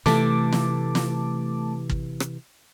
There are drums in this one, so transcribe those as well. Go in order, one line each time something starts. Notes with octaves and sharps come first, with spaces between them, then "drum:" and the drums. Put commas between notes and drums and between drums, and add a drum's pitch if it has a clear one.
C3 E3 A3 A5 D6, drum: snare
drum: snare
drum: snare
drum: kick
drum: rim click